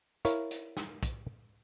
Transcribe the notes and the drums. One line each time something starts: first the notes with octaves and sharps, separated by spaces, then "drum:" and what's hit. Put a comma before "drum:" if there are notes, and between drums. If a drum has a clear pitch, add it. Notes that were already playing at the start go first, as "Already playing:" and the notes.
E4 A#4 C#5 F5, drum: hi-hat
drum: hi-hat
drum: snare
drum: kick, hi-hat